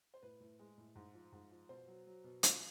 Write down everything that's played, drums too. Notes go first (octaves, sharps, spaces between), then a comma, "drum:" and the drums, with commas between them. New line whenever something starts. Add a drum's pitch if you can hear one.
C5
A2 B4
A2
G#3
A2
G#2
F3
G#2
F3
B2 C5
F#3
F#3
B2
F3, drum: hi-hat